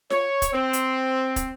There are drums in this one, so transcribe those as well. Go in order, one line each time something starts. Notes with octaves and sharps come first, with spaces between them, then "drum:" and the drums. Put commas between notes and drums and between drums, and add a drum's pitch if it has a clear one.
C#5, drum: snare F4
drum: kick, hi-hat
C4
drum: hi-hat
drum: kick, hi-hat